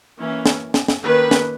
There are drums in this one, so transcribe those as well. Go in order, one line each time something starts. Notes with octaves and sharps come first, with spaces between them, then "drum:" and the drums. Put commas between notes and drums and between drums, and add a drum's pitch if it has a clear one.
E3 A#3 C#4
drum: snare
drum: snare
drum: snare
D#3 A#3 C#4 B4
drum: snare